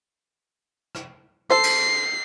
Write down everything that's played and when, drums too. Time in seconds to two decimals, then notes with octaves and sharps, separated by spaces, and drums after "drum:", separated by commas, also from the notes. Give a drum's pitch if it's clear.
0.95 drum: rim click
1.50 A4 C5 C7
1.63 drum: cymbal